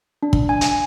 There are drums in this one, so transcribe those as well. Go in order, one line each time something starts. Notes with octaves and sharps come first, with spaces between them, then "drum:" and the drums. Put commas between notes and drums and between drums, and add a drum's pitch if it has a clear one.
D4
drum: kick
G#5
drum: hi-hat